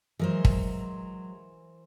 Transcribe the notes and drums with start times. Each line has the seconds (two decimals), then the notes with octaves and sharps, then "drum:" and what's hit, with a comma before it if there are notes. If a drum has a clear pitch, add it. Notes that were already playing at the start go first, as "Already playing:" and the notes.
0.19 E3 F#3 G#3 A#4 C5
0.45 drum: kick